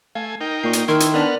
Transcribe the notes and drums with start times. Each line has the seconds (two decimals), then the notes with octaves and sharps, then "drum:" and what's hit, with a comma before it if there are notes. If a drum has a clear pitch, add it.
0.15 A3 F5 G#5
0.41 D#4 A#4 G5
0.64 A#2 C#6 C7
0.73 drum: hi-hat
0.88 D#3 E4 A#4 C6 C#6 G#6
1.00 drum: hi-hat
1.14 B3 D4 A#4 D5 F#5 F6